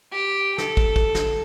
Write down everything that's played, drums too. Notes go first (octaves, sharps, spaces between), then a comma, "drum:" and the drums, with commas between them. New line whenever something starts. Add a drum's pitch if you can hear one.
G4 G5
A4, drum: snare
drum: kick
drum: kick
drum: snare